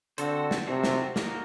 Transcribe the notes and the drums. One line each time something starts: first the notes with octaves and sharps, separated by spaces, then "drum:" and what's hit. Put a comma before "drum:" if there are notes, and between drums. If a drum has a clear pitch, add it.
D3 C4 F#4 A4 C5, drum: hi-hat
drum: snare
C3 C4 F#4 A4 C5
drum: snare
A#3 D#4 F#4 A#4, drum: snare